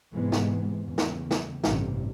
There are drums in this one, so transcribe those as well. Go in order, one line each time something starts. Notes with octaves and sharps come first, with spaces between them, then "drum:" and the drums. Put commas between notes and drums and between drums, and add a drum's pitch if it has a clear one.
G#2 C3 E3 G#3 B3
drum: snare
E2 C#3
drum: snare
drum: snare
A1 G2 C3, drum: snare